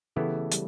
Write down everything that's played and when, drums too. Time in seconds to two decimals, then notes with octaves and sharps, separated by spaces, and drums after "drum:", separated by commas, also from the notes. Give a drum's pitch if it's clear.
0.16 C#3 E3 A3 B3 E4 G4
0.52 G3, drum: hi-hat